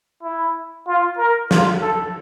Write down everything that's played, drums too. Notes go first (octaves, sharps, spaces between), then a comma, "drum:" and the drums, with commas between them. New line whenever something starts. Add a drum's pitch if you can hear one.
E4
F4
A#4
F4, drum: snare
A4